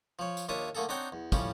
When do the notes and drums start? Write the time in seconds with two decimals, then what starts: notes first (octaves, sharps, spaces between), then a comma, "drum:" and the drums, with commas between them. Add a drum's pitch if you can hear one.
0.19 F3 C#5
0.37 drum: tambourine
0.49 D#2 D4 F4 C#5 E5 D#6
0.75 D3 A3 A#3 G#4 A4
0.89 C4 D4 D#4 C#5 F#5 G5
1.12 E2
1.32 A2 F3 G3 C#4, drum: kick, tambourine